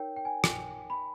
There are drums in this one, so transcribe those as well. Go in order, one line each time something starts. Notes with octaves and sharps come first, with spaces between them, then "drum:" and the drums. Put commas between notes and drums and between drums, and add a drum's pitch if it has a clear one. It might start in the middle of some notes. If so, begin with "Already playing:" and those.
Already playing: D#4 A#4 C#5 G5
G5
G#5
drum: rim click
B5